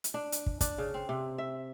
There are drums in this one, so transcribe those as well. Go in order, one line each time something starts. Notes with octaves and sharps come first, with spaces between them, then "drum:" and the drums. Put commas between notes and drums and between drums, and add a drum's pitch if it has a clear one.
drum: hi-hat
D4
drum: hi-hat
drum: kick
D4, drum: kick, hi-hat
C#3
C4
C3
E5